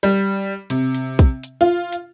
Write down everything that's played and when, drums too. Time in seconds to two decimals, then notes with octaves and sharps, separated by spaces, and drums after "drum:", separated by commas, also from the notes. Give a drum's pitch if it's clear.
0.03 G3
0.70 C3, drum: hi-hat
0.95 drum: hi-hat
1.19 drum: kick, hi-hat
1.43 drum: hi-hat
1.61 F4
1.92 drum: hi-hat